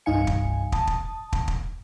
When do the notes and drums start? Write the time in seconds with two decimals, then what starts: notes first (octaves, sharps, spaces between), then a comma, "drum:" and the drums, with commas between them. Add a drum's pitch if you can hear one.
0.06 C2 G2 D#4 F5 G#5 C#7
0.27 drum: kick
0.72 A5 D#6, drum: kick
0.87 drum: kick
1.33 drum: kick
1.48 drum: kick